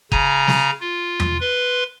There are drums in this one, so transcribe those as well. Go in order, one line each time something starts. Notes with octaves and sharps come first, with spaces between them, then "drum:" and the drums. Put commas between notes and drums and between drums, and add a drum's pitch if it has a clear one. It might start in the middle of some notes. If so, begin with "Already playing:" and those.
C#3 G#5 A#5, drum: kick F#1
drum: snare
F4
drum: tom E2
B4 C6